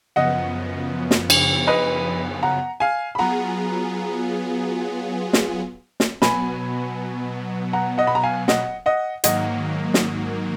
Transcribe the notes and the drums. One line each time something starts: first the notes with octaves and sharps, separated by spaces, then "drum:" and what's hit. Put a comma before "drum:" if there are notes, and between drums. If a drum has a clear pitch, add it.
F#2 C#3 F3 B3 D#5 F#5
drum: snare
drum: cymbal
B4 D#5
F#5 A#5
F5 G#5
B5
F#3 B3 F4 G#4 F#5 A#5
drum: snare
drum: snare
B2 F#3 B3 G#5 B5, drum: snare
F#5 A#5
D#5 F#5
B5
A#5
F5 G#5
D#5 F#5, drum: snare
D#5 F#5
G#2 D#3 F#3 A#3 D#5 F#5, drum: hi-hat
drum: snare